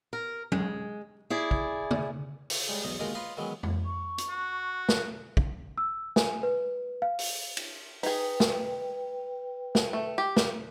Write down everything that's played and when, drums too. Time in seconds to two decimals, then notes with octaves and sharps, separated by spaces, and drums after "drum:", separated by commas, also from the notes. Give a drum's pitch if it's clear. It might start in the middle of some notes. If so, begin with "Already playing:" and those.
0.13 A#4
0.52 G#3, drum: tom F#3
1.30 E4 G#4 D5
1.51 drum: kick
1.91 drum: tom
2.50 drum: open hi-hat
2.69 G3 G#3
2.83 B1 E2 D#5
3.00 D#2 B2 G#3 F4 A#4 D#5
3.15 F4 B4 D#5 C6
3.37 D#3 E3 F#3 G#3 B3
3.63 drum: tom
3.85 C#6
4.18 drum: hi-hat
4.30 F#4
4.89 drum: snare
5.37 drum: kick
5.78 E6
6.16 G#5, drum: snare
6.43 B4
7.02 F5
7.19 drum: open hi-hat
7.57 drum: cymbal
8.03 D#4 G#4 B4 G5, drum: open hi-hat
8.40 drum: snare
9.75 drum: snare
9.93 A3
10.18 G4
10.36 drum: snare